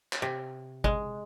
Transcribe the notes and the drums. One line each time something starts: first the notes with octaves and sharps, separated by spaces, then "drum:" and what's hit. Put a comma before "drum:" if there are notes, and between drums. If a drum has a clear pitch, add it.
drum: clap
C3
G#3, drum: kick G#1